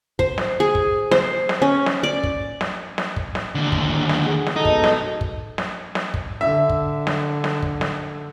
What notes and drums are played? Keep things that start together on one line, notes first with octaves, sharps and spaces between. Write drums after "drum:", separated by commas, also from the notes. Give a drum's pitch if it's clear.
C5, drum: kick
drum: snare
G#4
drum: kick
C5, drum: snare
drum: snare
C#4
drum: snare
D5
drum: kick
drum: snare
drum: snare
drum: kick
drum: snare
D#2 D3
drum: kick
drum: snare
G#4 F#5
drum: snare
B2 G#3 D#4 A4
drum: kick
drum: snare
drum: kick
drum: snare
drum: snare
drum: kick
D3 E5
drum: kick
drum: snare
drum: snare
drum: kick
drum: snare